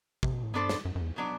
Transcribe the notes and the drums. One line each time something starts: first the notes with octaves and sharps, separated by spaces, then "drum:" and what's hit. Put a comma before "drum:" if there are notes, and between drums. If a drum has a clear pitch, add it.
C3, drum: kick
B2
A2
G2 B3 D4 A4 C5
drum: snare
F#2
F#2
E2
B2 F#3 B3 D4